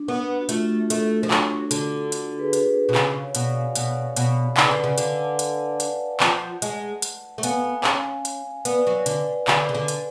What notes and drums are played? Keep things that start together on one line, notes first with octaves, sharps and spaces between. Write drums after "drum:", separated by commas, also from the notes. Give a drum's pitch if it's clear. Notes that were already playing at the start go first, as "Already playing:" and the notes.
Already playing: D4
B3
F#4
A3 F4, drum: hi-hat
A3, drum: hi-hat
F3
F#3 D4 F#4, drum: clap
D3, drum: hi-hat
F#4 A4, drum: hi-hat
G#4 B4
drum: hi-hat
B2
C#3, drum: clap
C#5 F5
B2 D5 F#5, drum: hi-hat
F5 G#5
B2 C#5 F5, drum: hi-hat
B2, drum: hi-hat
C#3 B4 D5, drum: clap
D3
D5 F#5
C#3
D3 F5 G#5, drum: hi-hat
F#5 A5
drum: hi-hat
drum: hi-hat
F3, drum: clap
G#3, drum: hi-hat
drum: hi-hat
A3
B3 F5 G#5, drum: hi-hat
C#4, drum: clap
drum: hi-hat
B3 B4 D5, drum: hi-hat
F#3
D3, drum: hi-hat
D3, drum: clap
C#3
D3
drum: hi-hat